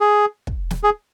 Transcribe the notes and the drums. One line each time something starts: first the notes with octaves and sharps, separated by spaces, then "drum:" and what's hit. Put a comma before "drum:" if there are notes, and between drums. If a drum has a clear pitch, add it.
G#4
drum: kick
drum: snare
G#4